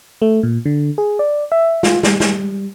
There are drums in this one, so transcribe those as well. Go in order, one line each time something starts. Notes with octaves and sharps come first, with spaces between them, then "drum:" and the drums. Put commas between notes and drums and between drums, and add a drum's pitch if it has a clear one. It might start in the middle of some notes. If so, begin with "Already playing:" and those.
A3
A#2
D3
G#4
D5
E5
F4, drum: snare
G3, drum: snare
drum: snare